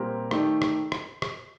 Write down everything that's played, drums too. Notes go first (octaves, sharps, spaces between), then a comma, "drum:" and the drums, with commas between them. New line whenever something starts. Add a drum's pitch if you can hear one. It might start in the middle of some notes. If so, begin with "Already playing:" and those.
Already playing: A#2 G3 C4 G4 A#4
D#3 A3 D#4 G4 D5, drum: rim click
drum: rim click
drum: rim click
drum: rim click